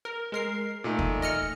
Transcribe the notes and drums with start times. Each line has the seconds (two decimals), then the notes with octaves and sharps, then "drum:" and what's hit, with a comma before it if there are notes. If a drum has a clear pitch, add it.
0.05 A#4
0.32 G#3 A#4 C7
0.84 A#2 A3 D#4
0.99 drum: kick D#2
1.22 D#5 F6 C#7